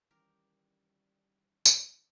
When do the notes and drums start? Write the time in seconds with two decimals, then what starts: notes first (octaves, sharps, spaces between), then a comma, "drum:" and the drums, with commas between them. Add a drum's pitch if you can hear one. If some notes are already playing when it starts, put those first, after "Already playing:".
0.11 D#3 E3 G3 C#4 G4 A#4
1.65 drum: tambourine